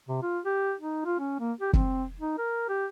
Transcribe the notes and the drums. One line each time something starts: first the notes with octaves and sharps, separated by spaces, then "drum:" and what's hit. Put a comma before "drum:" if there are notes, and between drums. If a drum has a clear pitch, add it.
C3
F4
G4
D#4
F4
C#4
A#3
G4
C4, drum: kick
D#4
A#4
G4